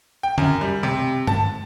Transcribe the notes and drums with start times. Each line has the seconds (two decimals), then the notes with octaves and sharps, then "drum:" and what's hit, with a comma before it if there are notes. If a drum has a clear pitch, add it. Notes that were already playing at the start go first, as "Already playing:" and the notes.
0.23 G5
0.38 F#2, drum: tom
0.61 G3
0.83 C3
1.27 A5, drum: tom G2